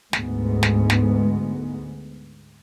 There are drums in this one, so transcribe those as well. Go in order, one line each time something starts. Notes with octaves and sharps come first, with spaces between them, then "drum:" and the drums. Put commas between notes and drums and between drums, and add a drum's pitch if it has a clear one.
D2 G#2 G#3 B3, drum: snare
drum: snare
drum: snare